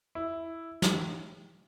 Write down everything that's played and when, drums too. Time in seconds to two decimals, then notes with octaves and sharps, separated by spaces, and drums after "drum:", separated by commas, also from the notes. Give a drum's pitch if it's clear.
0.15 E4
0.82 drum: snare